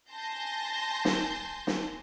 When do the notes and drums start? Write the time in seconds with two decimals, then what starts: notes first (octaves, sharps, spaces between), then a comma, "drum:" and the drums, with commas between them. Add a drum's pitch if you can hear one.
0.12 G#5 A5 C6 G6 A#6
1.05 drum: snare
1.67 drum: snare